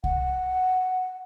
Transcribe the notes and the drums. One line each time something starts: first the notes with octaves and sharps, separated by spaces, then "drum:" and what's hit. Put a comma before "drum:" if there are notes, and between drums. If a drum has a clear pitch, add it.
F#5, drum: kick C2